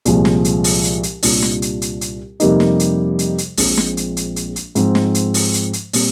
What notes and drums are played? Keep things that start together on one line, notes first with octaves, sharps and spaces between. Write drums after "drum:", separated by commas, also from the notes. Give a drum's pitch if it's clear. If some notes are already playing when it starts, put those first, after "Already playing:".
C2 A#2 F3 G#3, drum: hi-hat
drum: snare
drum: hi-hat
drum: open hi-hat
drum: hi-hat
drum: hi-hat
C2 A#2 G3 D4 F4, drum: open hi-hat
drum: snare
drum: hi-hat
drum: hi-hat
drum: hi-hat
F2 C3 G3 A#3 D#4, drum: hi-hat
drum: snare
drum: hi-hat
drum: hi-hat
drum: hi-hat
A#1 A#2 F3 G#3 C4, drum: open hi-hat
drum: snare
drum: hi-hat
drum: hi-hat
drum: hi-hat
drum: hi-hat
G#2 F3 C4, drum: hi-hat
drum: snare
drum: hi-hat
drum: open hi-hat
drum: hi-hat
drum: hi-hat
A#2 G3 C4, drum: open hi-hat